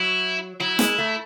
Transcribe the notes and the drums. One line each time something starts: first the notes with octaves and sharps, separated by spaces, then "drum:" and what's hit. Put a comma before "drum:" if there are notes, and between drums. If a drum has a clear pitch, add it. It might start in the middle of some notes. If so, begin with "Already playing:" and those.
Already playing: F#3 E4
F#3 E4
G#3, drum: snare
A3